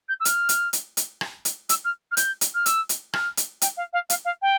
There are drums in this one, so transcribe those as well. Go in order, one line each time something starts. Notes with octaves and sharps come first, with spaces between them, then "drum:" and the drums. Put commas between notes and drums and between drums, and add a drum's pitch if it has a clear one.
G6
E6
F6, drum: hi-hat
drum: hi-hat
drum: hi-hat
drum: hi-hat
drum: rim click
drum: hi-hat
E6, drum: hi-hat
F6
F6
G6, drum: hi-hat
drum: hi-hat
F6
E6, drum: hi-hat
drum: hi-hat
F6, drum: rim click
drum: hi-hat
G5, drum: hi-hat
F5
F5
F5, drum: hi-hat
F5
G5